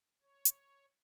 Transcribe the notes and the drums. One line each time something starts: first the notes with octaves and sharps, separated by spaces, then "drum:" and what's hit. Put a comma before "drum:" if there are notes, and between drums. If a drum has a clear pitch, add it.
C#5
drum: hi-hat